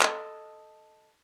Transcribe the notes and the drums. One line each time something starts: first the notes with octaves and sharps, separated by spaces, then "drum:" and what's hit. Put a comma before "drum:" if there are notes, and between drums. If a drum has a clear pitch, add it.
A4 D#5, drum: clap